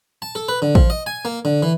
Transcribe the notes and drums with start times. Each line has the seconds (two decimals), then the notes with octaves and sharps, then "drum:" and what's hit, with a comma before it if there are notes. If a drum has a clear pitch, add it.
0.22 A5
0.35 A4
0.49 B4
0.62 D3
0.75 F3, drum: kick
0.90 D#5
1.06 G#5
1.25 A#3
1.45 D3
1.63 E3